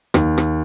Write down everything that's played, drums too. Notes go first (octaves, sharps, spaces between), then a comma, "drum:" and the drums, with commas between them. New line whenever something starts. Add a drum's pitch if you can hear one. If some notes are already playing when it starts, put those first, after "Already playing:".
D#2, drum: rim click
drum: rim click